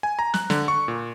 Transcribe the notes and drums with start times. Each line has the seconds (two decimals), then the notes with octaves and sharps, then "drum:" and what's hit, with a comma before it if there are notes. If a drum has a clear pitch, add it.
0.03 G#5
0.19 A#5
0.34 F#6, drum: snare
0.50 D3, drum: snare
0.68 C#6
0.88 A#2